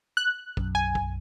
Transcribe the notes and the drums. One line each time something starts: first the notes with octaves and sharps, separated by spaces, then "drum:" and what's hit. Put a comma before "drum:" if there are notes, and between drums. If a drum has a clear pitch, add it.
F#6
B1 F#2, drum: kick
G#5
drum: kick